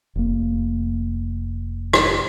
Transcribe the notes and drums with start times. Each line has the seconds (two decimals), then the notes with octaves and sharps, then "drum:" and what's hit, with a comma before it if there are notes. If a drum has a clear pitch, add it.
0.16 F1 A#3
1.93 drum: rim click